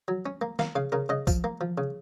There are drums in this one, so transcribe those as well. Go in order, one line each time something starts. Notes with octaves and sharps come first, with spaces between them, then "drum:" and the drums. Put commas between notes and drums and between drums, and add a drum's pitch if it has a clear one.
F#3
C#4
A#3
A#3 F5, drum: snare
C#3 F5
C#3 A#4
C#3 D#5
F3, drum: kick, tambourine
A#3
F3
C#3